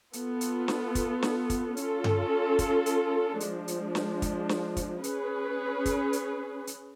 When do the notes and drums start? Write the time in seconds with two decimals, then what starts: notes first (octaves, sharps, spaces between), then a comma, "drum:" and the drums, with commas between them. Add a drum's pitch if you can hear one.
0.13 B3 F4 A4, drum: hi-hat
0.41 drum: hi-hat
0.68 drum: snare
0.95 drum: kick, hi-hat
1.23 drum: snare
1.50 drum: kick, hi-hat
1.77 C#4 F4 A4, drum: hi-hat
2.04 drum: tom G2
2.59 drum: kick, hi-hat
2.86 drum: hi-hat
3.40 F3 G#3 D4, drum: hi-hat
3.68 drum: hi-hat
3.95 drum: snare
4.22 drum: kick, hi-hat
4.49 drum: snare
4.77 drum: kick, hi-hat
5.04 C#4 G#4 B4, drum: hi-hat
5.86 drum: kick, hi-hat
6.13 drum: hi-hat
6.67 drum: hi-hat